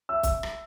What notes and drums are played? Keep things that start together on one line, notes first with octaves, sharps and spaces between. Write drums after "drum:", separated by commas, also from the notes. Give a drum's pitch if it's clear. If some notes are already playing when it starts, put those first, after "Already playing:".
E5 E6
E5 E6, drum: kick, hi-hat
drum: rim click